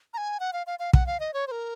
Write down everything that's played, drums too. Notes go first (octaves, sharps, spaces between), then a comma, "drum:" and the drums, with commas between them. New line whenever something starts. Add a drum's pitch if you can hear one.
A#5
G#5
F#5
F5
F5
F5
F#5, drum: kick
F5
D#5
C#5
C5
A#4